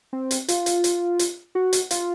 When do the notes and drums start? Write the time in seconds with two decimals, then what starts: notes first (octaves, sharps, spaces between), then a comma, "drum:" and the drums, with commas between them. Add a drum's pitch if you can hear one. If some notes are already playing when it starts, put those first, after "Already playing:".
0.13 C4
0.31 drum: hi-hat
0.48 F4, drum: hi-hat
0.66 drum: hi-hat
0.84 drum: hi-hat
1.19 drum: hi-hat
1.55 F#4
1.73 drum: hi-hat
1.91 F4, drum: hi-hat